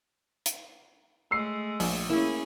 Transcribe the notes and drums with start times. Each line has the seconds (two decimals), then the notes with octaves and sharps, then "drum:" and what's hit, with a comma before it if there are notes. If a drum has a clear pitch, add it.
0.46 drum: hi-hat
1.31 G#3 A3 E6 C7
1.80 A#1, drum: open hi-hat
2.10 A#3 C#4 E4 G#4